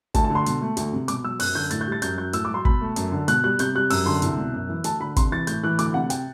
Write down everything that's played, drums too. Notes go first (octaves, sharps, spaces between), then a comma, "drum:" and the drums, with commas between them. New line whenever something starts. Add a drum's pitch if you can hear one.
D2 A5, drum: kick, hi-hat
A5
D3
C6
B2, drum: hi-hat
A3
D2, drum: hi-hat
C3
B2 D6, drum: hi-hat
F#3 E6
F#2 F#6, drum: open hi-hat
D3 G6
A2 A6, drum: hi-hat
G6
G3 A6
F#2 G6, drum: hi-hat
F#3 G6
A2 E6, drum: hi-hat
D6
F#3 C6
B2 B5, drum: kick
A3
F#2, drum: hi-hat
D3
B2 F#6, drum: hi-hat
G3 F#6
C3 G6, drum: hi-hat
G3 F#6
F#2 E6, drum: open hi-hat
D3 C6
C2, drum: hi-hat
B2
F#2
E3
D2 A5, drum: hi-hat
D3 B5
C3 C6, drum: kick, hi-hat
E3 A6
A2 G6, drum: hi-hat
E3 F#6
D2 D6, drum: hi-hat
C3 F#5
G5, drum: hi-hat